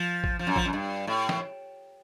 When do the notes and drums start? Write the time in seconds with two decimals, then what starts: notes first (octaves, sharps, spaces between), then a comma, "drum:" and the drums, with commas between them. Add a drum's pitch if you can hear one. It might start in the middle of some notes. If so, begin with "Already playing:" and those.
Already playing: F3
0.24 drum: kick A1
0.39 F3
0.47 F#2
0.56 F3, drum: kick A1
0.65 F#2
0.73 G2
1.07 A2
1.29 drum: snare